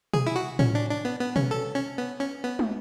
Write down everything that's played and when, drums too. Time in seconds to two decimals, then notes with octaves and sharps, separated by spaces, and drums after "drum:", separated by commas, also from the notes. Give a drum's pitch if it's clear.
0.13 G#4, drum: tom B2
0.27 E4
0.36 F#4
0.59 C#4, drum: tom A2
0.75 D4
0.90 D4
1.05 B3
1.20 B3
1.36 C#4, drum: tom B2
1.51 A4
1.75 C#4
1.98 B3
2.20 C#4
2.44 B3
2.59 drum: tom